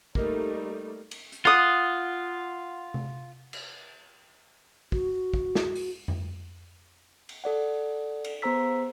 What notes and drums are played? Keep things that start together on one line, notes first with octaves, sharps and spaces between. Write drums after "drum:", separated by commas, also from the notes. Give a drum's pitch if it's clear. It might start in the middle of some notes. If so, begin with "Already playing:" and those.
G3 A3 A#3 D#4, drum: kick
drum: cymbal
drum: hi-hat
F4 F#5 D#6
drum: tom C3
drum: cymbal
F#4, drum: kick
drum: kick
drum: snare
drum: open hi-hat
drum: tom F2
drum: cymbal
A4 D5 F#5
drum: cymbal
B3 G#4 C5 A#5 E6 B6